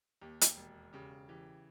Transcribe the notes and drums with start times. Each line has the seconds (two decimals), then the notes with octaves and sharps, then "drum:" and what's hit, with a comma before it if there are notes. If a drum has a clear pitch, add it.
0.21 D#2 G4
0.41 drum: hi-hat
0.57 E1
0.93 C#3 G4
1.29 E3 G4